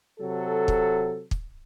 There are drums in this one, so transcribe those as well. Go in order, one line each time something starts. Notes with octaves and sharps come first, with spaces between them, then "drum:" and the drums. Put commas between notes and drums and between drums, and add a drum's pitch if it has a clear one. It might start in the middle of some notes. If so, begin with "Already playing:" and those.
C3 F#3 A4
drum: kick
drum: kick